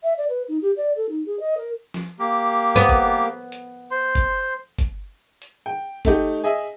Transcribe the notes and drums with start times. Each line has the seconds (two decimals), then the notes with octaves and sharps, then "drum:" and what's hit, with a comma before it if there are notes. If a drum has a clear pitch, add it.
0.03 E5
0.18 D5
0.29 B4
0.48 D#4
0.62 G4
0.77 D5
0.96 A4
1.09 D#4
1.26 G#4
1.40 D#5
1.57 A#4
1.94 drum: snare F3
2.19 A#3 G4
2.76 B3
2.89 drum: kick G1, hi-hat
3.52 drum: hi-hat
3.91 C5 C6
4.15 drum: kick G1, hi-hat
4.79 drum: kick G1, hi-hat
5.42 drum: hi-hat
5.66 G5
6.05 A3 D#4 G4, drum: kick G1, hi-hat
6.44 G#4 D#5 E5